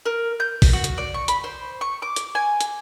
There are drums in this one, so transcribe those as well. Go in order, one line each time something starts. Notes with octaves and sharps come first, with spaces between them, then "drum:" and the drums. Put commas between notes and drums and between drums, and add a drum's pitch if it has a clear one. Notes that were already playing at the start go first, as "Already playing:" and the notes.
A#4
G6
drum: kick, open hi-hat
F#4
drum: hi-hat
D5
C#6
B5, drum: hi-hat
C5
C#6
D6
drum: hi-hat
G#5
drum: hi-hat